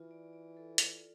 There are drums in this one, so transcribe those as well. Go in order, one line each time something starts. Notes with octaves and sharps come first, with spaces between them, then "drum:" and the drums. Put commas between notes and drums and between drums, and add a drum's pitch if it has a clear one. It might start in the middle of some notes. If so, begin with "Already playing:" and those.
Already playing: E3 F4
D5
D5
A4
F4, drum: hi-hat